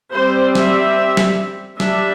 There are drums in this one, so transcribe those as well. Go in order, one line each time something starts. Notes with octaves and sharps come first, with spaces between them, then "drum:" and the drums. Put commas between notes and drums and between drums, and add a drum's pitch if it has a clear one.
G3 C4 C5
E5, drum: snare
drum: snare
G3 D4 E5, drum: snare